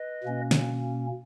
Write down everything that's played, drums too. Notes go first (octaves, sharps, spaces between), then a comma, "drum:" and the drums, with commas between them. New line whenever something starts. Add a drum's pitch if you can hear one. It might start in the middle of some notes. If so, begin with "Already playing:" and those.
Already playing: B4 D#5
B2 A#3 C#4
drum: snare